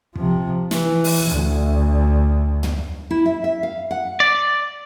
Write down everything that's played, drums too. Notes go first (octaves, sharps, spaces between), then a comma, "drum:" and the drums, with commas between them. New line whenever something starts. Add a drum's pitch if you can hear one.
C3 F3, drum: kick
E3, drum: snare
drum: open hi-hat
D2
drum: tom
E4
E5
E5
F5
F#5
D5